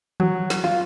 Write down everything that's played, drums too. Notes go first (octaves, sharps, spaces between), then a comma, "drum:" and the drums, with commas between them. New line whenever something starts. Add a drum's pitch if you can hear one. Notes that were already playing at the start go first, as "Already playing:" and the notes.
F#3, drum: tom D#3
drum: snare
F4